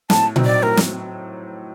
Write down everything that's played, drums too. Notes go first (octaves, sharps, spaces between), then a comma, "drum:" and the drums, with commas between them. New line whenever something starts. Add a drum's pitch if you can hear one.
A2 A5, drum: snare
F#3 C4 D#4, drum: tom A#2
D5
A2 A#4
drum: snare